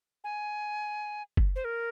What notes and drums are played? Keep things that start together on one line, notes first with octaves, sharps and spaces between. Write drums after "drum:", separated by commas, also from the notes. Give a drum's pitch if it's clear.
G#5
drum: kick F#1
C5
A#4